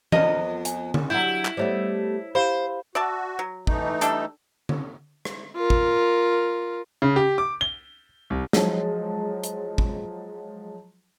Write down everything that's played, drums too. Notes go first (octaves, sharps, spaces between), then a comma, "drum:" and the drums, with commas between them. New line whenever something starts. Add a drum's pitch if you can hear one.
F2 B3 F4 A#4 D#5, drum: tom E3
G#5, drum: hi-hat
drum: tom D3
F#3 D4 E4 G4 F#5 G6
drum: clap
G3 A3 B3 C5 C#5 E5
E4 G4 C5 F5 B5
F#4 D5 E5 A5
F#3
E3 A3 D#4, drum: kick
G3 D4 A4, drum: hi-hat
drum: tom D3
drum: rim click
F4 A#4
drum: kick
C#3
G4
D6
G7
C2
F3 F#3 G#3, drum: snare
drum: hi-hat
drum: kick